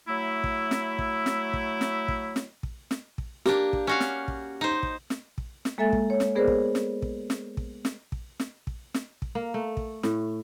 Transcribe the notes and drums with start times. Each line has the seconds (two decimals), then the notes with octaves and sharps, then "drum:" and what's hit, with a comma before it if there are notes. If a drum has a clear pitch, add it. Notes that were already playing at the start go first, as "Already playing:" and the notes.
0.08 F#3 A3 E4
0.44 drum: kick
0.71 drum: snare
0.99 drum: kick
1.26 drum: snare
1.53 drum: kick
1.81 drum: snare
2.08 drum: kick
2.36 drum: snare
2.63 drum: kick
2.91 drum: snare
3.18 drum: kick
3.46 A#3 D4 G4, drum: snare
3.73 drum: kick
3.87 C#4 F#4 F5
4.00 drum: snare
4.28 drum: kick
4.61 D#4 C5
4.83 drum: kick
5.10 drum: snare
5.38 drum: kick
5.65 drum: snare
5.78 G#3 A#3 A4 E5 G#5 A6
5.93 drum: kick
6.10 C#5
6.20 drum: snare
6.35 B3 G#4 A#4 C5 D5
6.47 drum: kick
6.75 drum: snare
7.02 drum: kick
7.30 drum: snare
7.57 drum: kick
7.85 drum: snare
8.12 drum: kick
8.40 drum: snare
8.67 drum: kick
8.94 drum: snare
9.22 drum: kick
9.35 A#3
9.54 A3
9.77 drum: kick
10.03 A2, drum: snare